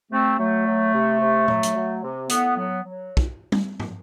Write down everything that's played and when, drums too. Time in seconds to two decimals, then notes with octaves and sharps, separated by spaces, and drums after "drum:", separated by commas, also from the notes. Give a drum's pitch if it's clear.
0.11 C3 A3 C4
0.38 F#3 A3
0.66 F#3
0.93 C3
1.20 C3
1.48 F#3, drum: tom A#2
1.63 drum: hi-hat
1.75 F#3
2.03 C3
2.29 A2 B3, drum: hi-hat
2.56 F#3 B3
2.84 F#3
3.17 drum: kick
3.52 drum: tom G3
3.80 drum: tom